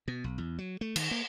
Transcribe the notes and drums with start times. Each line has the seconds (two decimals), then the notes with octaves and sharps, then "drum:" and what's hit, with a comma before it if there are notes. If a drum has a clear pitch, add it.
0.08 B2
0.24 B1
0.38 E2
0.58 F#3
0.81 A3
0.96 D#3, drum: cymbal
1.11 A#3